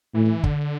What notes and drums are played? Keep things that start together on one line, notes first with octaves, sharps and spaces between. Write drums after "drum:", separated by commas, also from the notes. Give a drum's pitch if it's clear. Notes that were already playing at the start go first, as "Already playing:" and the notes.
A2 E3
D3, drum: kick